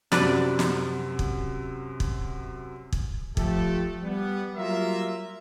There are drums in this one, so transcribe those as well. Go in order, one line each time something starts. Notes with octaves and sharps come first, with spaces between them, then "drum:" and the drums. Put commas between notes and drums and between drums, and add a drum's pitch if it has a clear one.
F#2 C3 F#3 D4 B4 D5, drum: snare
drum: snare
drum: kick
drum: kick
drum: kick
F3 A3 G4 A4, drum: kick
G3 B3
F#3 G3 A#3 F4 A#4 E5